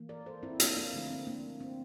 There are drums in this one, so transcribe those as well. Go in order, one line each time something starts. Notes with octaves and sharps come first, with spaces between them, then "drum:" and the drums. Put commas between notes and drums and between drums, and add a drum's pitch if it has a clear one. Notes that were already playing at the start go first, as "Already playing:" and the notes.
Already playing: E3 A#3
A#4 D5
A4 C5
C4 E4
A#3 D4, drum: hi-hat
A#3
D3 F3 A3 C4
C4
A#3 D4
C4